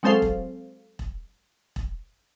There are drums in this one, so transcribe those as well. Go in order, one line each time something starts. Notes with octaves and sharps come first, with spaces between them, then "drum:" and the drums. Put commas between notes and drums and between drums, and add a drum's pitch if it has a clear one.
F#3 G#3 C4 A4 C5 F5
drum: kick E1
drum: kick E1
drum: kick E1